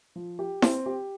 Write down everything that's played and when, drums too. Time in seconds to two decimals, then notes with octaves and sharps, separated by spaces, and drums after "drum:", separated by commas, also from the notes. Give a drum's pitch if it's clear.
0.16 F3
0.39 G4
0.62 C4, drum: snare E4
0.86 G4